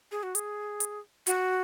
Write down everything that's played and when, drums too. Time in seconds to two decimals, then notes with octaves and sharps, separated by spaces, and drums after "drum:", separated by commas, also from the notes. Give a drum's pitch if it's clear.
0.11 G#4
0.23 F#4
0.35 G#4, drum: hi-hat
0.80 drum: hi-hat
1.27 F#4, drum: hi-hat